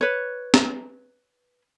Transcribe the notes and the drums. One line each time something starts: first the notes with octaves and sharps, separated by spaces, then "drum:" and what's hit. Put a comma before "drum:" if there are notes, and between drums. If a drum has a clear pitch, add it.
B4 C#5
drum: snare